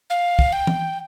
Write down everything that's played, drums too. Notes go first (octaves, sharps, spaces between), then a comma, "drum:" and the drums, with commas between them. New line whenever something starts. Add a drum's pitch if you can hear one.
F5
drum: kick
G5
drum: tom E3